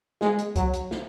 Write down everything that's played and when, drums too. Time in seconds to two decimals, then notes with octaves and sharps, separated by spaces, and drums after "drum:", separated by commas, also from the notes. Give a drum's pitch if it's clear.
0.21 G#3, drum: snare
0.39 drum: hi-hat
0.56 F#3, drum: kick C2, hi-hat
0.74 drum: hi-hat
0.91 drum: snare